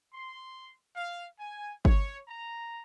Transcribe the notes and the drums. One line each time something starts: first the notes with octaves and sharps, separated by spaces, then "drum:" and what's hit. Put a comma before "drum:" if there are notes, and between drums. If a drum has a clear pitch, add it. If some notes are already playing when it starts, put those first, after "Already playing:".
C6
F5
G#5
C#5, drum: kick G1
A#5